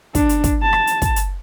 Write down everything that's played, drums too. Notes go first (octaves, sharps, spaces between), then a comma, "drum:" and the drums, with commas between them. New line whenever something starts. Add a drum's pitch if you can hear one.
D4, drum: kick, hi-hat
drum: hi-hat
drum: kick, hi-hat
A5
drum: rim click
drum: hi-hat
drum: kick, hi-hat
drum: hi-hat